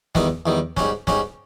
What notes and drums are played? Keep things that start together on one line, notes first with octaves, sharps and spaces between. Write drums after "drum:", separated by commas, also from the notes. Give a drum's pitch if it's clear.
E2 D#3 G3, drum: snare
E2 D#3 G3
G#2 G3 C#4, drum: snare
G#2 G3 C#4, drum: snare